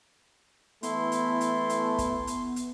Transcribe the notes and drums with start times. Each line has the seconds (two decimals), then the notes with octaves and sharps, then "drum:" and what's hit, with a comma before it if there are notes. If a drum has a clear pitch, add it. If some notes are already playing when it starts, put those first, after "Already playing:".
0.83 E3 A3 B3 E4 C6, drum: hi-hat
1.12 drum: hi-hat
1.41 drum: hi-hat
1.70 drum: hi-hat
1.98 drum: kick, hi-hat
2.27 drum: hi-hat
2.56 drum: hi-hat